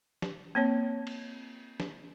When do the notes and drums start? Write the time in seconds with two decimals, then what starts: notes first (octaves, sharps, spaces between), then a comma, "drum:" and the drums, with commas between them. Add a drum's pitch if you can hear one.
0.22 drum: snare
0.55 A#3 C4 C#5
1.07 drum: cymbal
1.80 drum: snare